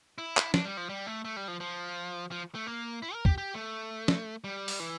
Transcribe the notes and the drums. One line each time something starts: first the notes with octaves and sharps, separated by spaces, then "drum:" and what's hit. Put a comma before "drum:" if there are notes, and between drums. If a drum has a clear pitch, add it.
E4
drum: clap
D4, drum: snare
G3
F3
G3
A3
A3
G3
F3
F3
F3
A3
A#3
E4
A#4
G4, drum: kick
G4
A3
drum: snare
G3
drum: open hi-hat
E3